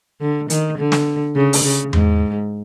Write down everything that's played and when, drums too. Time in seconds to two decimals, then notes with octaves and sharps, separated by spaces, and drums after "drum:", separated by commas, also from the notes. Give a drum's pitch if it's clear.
0.21 D3
0.50 D#3, drum: hi-hat
0.78 D3
0.92 drum: snare
1.35 C#3
1.53 drum: open hi-hat
1.64 C#3
1.93 G#2, drum: tom E2